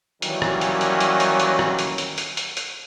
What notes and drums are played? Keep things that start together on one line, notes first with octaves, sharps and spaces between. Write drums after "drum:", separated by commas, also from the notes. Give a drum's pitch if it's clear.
D#3 E3 F#3 G3 A#3 C#4, drum: hi-hat
drum: rim click
drum: hi-hat
drum: hi-hat
drum: hi-hat
drum: hi-hat
drum: hi-hat
drum: rim click
drum: hi-hat
drum: hi-hat
drum: hi-hat
drum: hi-hat
drum: hi-hat